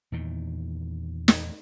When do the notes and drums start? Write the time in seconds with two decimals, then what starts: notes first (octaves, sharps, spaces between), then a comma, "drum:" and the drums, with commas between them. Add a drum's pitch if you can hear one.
0.12 E2 A#2 D#3
1.28 drum: snare